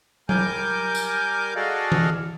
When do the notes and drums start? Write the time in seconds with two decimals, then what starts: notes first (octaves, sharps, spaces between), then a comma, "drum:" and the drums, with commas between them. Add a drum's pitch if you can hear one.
0.29 G3 A#4 G#5 D6 G6, drum: tom F#3
0.95 drum: tambourine
1.56 F#4 G#4 A4 D5 D#5 F5
1.92 drum: tom E3